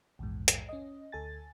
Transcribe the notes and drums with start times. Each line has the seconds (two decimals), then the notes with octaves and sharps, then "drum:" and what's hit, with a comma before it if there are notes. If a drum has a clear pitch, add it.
0.19 A#1 E2 G#2
0.48 drum: hi-hat
0.69 C#4 D#5
1.12 D2 A4 G#5 A6